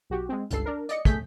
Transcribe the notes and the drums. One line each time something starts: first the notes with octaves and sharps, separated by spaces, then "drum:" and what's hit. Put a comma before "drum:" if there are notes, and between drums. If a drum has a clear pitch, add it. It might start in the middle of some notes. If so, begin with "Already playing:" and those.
B1 F#4 G4
G#3 C4
G1 C#2 G2 A4 C7, drum: hi-hat
D4 A#4
D5 D#5 C#7, drum: hi-hat
A3 G#4 G6 B6, drum: kick, hi-hat